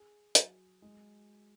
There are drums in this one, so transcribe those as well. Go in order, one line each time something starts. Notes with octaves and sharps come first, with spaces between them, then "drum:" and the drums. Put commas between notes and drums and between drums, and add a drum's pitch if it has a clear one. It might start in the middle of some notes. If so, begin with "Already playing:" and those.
Already playing: G#4
F#3, drum: hi-hat
G#3